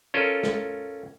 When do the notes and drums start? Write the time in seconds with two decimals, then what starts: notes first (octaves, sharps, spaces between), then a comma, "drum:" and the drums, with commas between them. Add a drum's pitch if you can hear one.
0.14 C#4 F4 A4 A#4 D#5
0.43 drum: snare